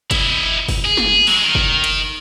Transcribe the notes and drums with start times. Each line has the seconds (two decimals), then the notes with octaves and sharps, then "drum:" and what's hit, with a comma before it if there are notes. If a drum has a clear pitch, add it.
0.11 E4 D#5, drum: kick, hi-hat
0.68 drum: kick, open hi-hat
0.85 G#4
0.97 drum: snare
1.27 F#3 G#3, drum: open hi-hat
1.43 D#3
1.55 drum: kick
1.84 drum: hi-hat